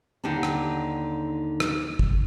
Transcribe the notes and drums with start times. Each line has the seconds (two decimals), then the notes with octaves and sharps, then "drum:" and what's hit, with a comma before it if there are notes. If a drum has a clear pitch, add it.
0.24 D#2 D3 D#4 G4 F#5 A5
0.43 drum: rim click
1.60 drum: rim click
1.99 drum: kick